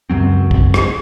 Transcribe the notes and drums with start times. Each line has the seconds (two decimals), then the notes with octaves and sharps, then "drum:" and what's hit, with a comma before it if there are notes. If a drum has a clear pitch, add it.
0.10 C#2 F#2 F#3 C4
0.51 drum: kick
0.74 drum: rim click